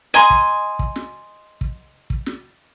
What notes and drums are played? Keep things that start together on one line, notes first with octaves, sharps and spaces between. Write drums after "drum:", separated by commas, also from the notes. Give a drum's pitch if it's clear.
D#5 G#5 A#5 C6
drum: kick
drum: kick
drum: snare
drum: kick
drum: kick
drum: snare